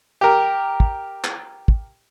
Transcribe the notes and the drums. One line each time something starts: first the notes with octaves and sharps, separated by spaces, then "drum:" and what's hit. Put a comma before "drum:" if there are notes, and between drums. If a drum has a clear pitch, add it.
G4 A#4
drum: kick
drum: clap
drum: kick